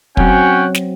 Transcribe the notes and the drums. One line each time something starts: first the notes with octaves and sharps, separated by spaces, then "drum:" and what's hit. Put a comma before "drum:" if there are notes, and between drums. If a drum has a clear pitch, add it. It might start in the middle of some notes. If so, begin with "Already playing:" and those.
F#3 C4 C#4 F#5 G5, drum: kick
drum: snare